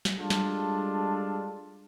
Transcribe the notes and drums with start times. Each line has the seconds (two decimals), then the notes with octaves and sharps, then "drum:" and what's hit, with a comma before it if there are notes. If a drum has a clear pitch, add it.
0.05 drum: snare
0.17 G3 G#3 D4 F4 A4
0.30 drum: snare